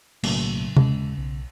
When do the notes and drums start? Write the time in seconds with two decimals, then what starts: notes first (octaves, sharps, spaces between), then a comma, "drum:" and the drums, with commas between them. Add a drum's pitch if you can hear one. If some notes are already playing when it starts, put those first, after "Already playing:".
0.23 B1 A2 C#3 F#3 A3 A#3, drum: cymbal
0.77 D#1 C#3 G#3, drum: tom C3
1.17 B1